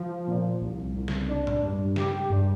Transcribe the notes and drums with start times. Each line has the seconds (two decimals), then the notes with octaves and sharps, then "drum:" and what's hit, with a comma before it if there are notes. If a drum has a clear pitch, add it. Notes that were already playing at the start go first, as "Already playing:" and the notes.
Already playing: F3
0.28 A#2
0.61 C2
0.95 C2
1.08 drum: snare
1.28 D4
1.47 drum: tom A2
1.62 G2
1.96 G4, drum: snare
2.30 G2